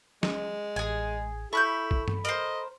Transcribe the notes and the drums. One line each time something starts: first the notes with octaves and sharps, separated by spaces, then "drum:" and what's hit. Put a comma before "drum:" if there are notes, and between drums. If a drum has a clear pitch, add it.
G#3, drum: snare
A1 G#4 G#5
E4 A4 B5 C#6 F#6 G6
drum: kick
drum: tom G2
A#4 C5 D#5, drum: hi-hat